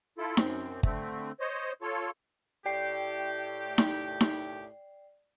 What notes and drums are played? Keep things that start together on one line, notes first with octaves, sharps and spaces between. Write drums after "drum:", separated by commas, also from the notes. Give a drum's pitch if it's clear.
E4 F4 A4
F#2 C4, drum: snare D#4
D3 A3 C4, drum: kick G1
C5 C#5 D#5
F4 A4 C#5
A2 G4 D5 G5 C7
drum: snare D#4
drum: snare D#4